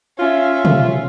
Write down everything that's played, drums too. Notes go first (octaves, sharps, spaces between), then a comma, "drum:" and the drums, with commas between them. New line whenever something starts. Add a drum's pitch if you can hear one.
C#4 F4 E5
drum: tom